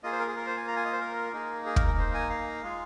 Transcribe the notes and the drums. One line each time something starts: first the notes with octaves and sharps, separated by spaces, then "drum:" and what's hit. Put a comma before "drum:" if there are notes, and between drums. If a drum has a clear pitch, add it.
A#3 F4 G#4 D#5
C5
A#4
G#4
A#4
C5
G#5
A#5
G#5
D#5
C5
A#4
A#3 D#4 G#4
G#4
A#4, drum: kick
A#4
C5
G#5
F5
G#3 F4 G#4